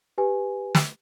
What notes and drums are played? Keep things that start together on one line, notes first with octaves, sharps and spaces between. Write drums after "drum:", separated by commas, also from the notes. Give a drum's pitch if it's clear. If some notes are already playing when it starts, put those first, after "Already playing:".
G4 B4 G#5
drum: snare